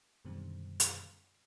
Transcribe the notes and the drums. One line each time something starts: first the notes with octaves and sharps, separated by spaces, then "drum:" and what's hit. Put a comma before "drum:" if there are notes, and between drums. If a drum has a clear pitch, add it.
F#2 B2 D3 D#3 G3 C4
drum: hi-hat